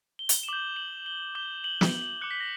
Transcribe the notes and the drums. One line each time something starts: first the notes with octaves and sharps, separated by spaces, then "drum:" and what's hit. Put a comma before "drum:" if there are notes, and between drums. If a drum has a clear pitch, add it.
G7
drum: hi-hat
E7
D6 G6 F#7
F#7
G7
D6 G6 G7
F#7
drum: snare
D6 F#6 C#7
B6
A#6